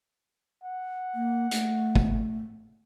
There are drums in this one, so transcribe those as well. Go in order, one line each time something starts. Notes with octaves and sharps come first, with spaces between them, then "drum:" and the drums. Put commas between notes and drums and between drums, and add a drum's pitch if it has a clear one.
F#5
A#3
A3, drum: hi-hat
drum: kick